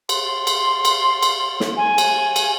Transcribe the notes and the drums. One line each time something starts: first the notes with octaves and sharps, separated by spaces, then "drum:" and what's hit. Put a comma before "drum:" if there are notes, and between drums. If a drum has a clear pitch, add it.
C6, drum: cymbal
drum: cymbal
drum: cymbal
drum: cymbal
drum: snare
G#5
drum: cymbal
drum: cymbal